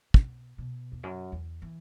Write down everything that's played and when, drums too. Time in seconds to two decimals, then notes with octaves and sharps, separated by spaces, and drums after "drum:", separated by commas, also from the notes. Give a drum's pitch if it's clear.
0.14 B2, drum: kick
0.58 B2
0.92 E2
1.03 F#2
1.32 E2
1.62 E3